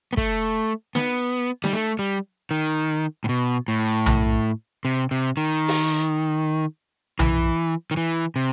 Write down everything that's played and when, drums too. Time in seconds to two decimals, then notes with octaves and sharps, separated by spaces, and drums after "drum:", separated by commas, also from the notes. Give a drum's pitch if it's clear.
0.13 B3
0.17 A3, drum: kick
0.95 B3, drum: snare
1.64 G3, drum: snare
1.73 A3
1.99 G3
2.51 D#3
3.24 A2
3.29 B2
3.68 A2
4.06 drum: tom B1
4.85 C3
5.11 C3
5.37 D#3
5.68 drum: open hi-hat
7.19 E3, drum: tom B1
7.91 D#3
7.97 E3
8.36 C3